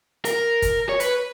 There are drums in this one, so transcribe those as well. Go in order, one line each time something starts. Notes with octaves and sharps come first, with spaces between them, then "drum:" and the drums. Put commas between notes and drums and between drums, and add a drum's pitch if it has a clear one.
A#4, drum: hi-hat
drum: kick, hi-hat
C#5
B4, drum: hi-hat